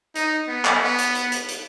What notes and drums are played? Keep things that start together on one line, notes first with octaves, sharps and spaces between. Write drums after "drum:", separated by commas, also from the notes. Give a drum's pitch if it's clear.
D#4, drum: hi-hat
B3
drum: clap
B3
drum: hi-hat
drum: hi-hat
drum: hi-hat
drum: hi-hat